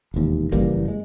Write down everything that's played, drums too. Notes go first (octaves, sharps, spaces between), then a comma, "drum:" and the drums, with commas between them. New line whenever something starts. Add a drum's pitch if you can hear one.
E1 D#2
F#1 E3 G3 A#3, drum: kick
G#3